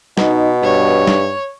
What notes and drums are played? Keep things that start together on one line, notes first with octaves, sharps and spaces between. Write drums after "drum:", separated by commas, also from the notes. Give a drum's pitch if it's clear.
B2 D#4, drum: snare
G2 C#5
drum: snare